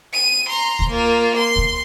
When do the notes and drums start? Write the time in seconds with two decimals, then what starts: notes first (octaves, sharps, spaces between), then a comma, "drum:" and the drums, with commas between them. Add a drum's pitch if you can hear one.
0.13 D#7
0.49 A#5 C6
0.79 drum: kick
0.89 A#3 F4
1.37 C6
1.56 drum: kick